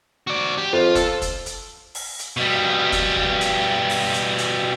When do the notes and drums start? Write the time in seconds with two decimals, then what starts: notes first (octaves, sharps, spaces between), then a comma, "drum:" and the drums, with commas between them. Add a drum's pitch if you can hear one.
0.27 F#4 D5
0.58 G4
0.73 F2 F4
0.95 A4, drum: kick, hi-hat
1.22 drum: kick, hi-hat
1.46 drum: hi-hat
1.95 drum: open hi-hat
2.19 drum: hi-hat
2.37 B2 G3
2.92 drum: kick, hi-hat
3.17 drum: kick
3.41 drum: hi-hat
3.90 drum: open hi-hat
4.14 drum: hi-hat
4.38 drum: hi-hat